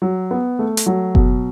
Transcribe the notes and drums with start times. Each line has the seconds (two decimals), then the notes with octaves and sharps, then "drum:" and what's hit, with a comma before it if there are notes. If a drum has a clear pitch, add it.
0.02 F#3
0.31 B3
0.59 A3
0.77 drum: hi-hat
0.86 F#3
1.15 B2, drum: kick F#1